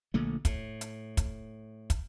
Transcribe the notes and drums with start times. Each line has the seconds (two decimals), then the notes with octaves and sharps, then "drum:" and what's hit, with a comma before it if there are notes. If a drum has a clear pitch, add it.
0.14 A#1 A#2 D3 A3
0.45 A2, drum: kick, hi-hat
0.81 drum: hi-hat
1.17 drum: kick, hi-hat
1.90 drum: kick, hi-hat